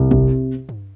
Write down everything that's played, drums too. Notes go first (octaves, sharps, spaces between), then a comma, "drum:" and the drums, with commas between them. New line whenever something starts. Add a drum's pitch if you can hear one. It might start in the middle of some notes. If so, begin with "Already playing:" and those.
Already playing: C2
C3, drum: kick
drum: tom G2